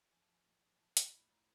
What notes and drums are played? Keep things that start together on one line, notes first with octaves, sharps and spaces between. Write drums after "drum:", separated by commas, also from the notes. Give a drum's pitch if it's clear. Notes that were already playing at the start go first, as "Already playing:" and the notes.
F3 G#5
A5
F3 G#5
A#2
A#2
G#5
F3 A5
F3 A#5, drum: hi-hat
A2 B5
A2 A#5